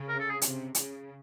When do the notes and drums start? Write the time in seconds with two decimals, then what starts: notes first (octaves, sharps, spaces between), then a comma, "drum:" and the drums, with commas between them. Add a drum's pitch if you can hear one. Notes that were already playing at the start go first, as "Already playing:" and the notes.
Already playing: C#3
0.09 A#4
0.20 A4
0.30 G#4
0.42 C3, drum: hi-hat
0.75 C#3, drum: hi-hat